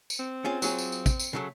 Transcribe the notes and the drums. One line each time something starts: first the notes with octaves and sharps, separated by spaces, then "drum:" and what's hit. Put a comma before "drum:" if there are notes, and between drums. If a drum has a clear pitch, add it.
drum: tambourine
C4
C#4 F4 G#4
F#3 F4 G#4, drum: tambourine
drum: tambourine
drum: tambourine
drum: kick, tambourine
drum: tambourine
C#3 F#3 A3